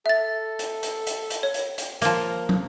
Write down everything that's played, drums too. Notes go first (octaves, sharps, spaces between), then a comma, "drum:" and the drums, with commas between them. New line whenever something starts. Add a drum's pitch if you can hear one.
A4 E5 A6
drum: hi-hat
drum: hi-hat
drum: hi-hat
drum: hi-hat
C#5
drum: hi-hat
drum: hi-hat
F3 A#3 A#4, drum: hi-hat
drum: tom